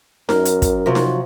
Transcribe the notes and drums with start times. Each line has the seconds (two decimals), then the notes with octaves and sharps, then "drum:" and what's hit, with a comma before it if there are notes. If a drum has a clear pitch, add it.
0.29 F#2 A#4, drum: snare D#4
0.45 drum: hi-hat
0.62 drum: kick, hi-hat
0.86 C3 F3 F#3
0.95 drum: snare D#4